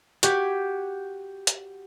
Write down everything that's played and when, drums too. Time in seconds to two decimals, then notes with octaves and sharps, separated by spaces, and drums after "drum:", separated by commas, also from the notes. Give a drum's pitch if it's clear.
0.23 F#4 G4 G#6 B6, drum: hi-hat
1.47 drum: hi-hat